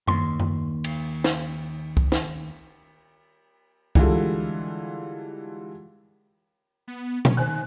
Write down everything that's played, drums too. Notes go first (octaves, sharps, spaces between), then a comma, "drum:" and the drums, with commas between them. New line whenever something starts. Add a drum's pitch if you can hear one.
D#2 C6, drum: tom F#2
drum: tom F#2
drum: cymbal
drum: snare
drum: kick C2
drum: snare
D3 E3 G3 G#3 F4 A4, drum: kick C2
B3
C#4, drum: tom B2
D#3 C5 G#5 F#6